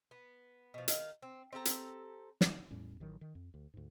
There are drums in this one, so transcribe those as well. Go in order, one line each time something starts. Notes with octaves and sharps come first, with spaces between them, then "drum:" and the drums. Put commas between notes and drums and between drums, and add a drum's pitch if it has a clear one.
B3
B2 F3
D#3 F5, drum: hi-hat
C4
C4 G4 A4 A#5
drum: hi-hat
drum: snare
E2 A2 G3 C#4
A1 D#3 F#3
D#3
F2
D2
D2 G#2